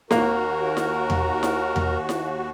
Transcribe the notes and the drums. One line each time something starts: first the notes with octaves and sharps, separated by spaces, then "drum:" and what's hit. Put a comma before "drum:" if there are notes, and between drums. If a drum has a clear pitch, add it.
D#2 A#3 F#4 A#4, drum: snare E4
drum: snare E4
drum: tom E2
drum: snare E4
drum: tom E2
drum: snare E4